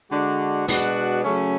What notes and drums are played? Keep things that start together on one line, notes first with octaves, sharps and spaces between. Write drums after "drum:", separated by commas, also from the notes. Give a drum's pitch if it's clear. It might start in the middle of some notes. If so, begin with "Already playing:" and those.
D3 G#3 D4 F#4
B2 G#3 B3 D4 F#4, drum: open hi-hat
C#3 F#3 A3 C#4